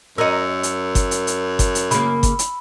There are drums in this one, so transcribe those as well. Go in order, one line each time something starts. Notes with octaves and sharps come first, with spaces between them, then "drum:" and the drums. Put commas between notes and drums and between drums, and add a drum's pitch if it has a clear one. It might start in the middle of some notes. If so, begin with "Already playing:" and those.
F#2 A#4 D#5 E6 C#7
drum: hi-hat
drum: kick G1, hi-hat
drum: hi-hat
drum: hi-hat
drum: kick G1, hi-hat
drum: hi-hat
C#3 A#3 B5, drum: hi-hat
drum: kick G1, hi-hat
drum: hi-hat